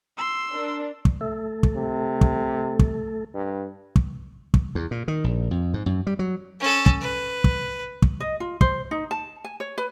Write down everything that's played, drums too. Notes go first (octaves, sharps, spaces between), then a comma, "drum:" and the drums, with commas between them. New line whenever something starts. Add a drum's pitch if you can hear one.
C6 E6
D4 A#4
drum: kick
A3 A4
drum: kick
C3
drum: kick
drum: kick
G2
drum: kick
drum: kick
E2
A#2
D#3
A#1
F2
G#2
F#2
G3
F#3
C#4 A4
drum: kick
B4
drum: kick
drum: kick
D#5
F4
C5, drum: kick
D#4
A5
G#5
C#5
B4